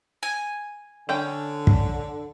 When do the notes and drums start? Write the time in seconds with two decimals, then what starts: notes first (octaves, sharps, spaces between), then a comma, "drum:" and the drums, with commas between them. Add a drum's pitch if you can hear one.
0.23 G#5
1.09 D3 C#4 G5
1.67 drum: kick